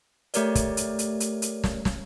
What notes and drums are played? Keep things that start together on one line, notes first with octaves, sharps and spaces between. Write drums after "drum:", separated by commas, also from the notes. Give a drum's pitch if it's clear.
A3 G4 A#4 C#5 D5, drum: hi-hat
drum: kick, hi-hat
drum: hi-hat
drum: hi-hat
drum: hi-hat
drum: hi-hat
drum: snare
drum: snare